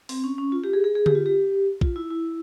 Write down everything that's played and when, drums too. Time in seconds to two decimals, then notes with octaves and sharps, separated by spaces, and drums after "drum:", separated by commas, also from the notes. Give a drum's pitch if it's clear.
0.09 C4, drum: open hi-hat
0.24 C#4
0.38 C#4
0.52 F4
0.64 G4
0.73 G#4
0.84 G#4
0.95 G#4
1.06 G4, drum: tom D3
1.15 F4
1.26 G4
1.81 F4, drum: kick
1.96 E4
2.10 E4